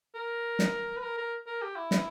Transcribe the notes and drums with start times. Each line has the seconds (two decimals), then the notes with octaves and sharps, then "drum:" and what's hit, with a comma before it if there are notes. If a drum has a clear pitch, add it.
0.15 A#4
0.59 drum: snare
0.96 B4
1.02 A#4
1.18 A#4
1.47 A#4
1.62 G4
1.76 E4
1.91 drum: snare